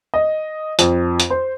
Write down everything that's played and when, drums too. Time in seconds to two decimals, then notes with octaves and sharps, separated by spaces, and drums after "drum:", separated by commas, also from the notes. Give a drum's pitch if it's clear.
0.14 D#5
0.79 F2, drum: hi-hat
1.20 drum: hi-hat
1.30 C5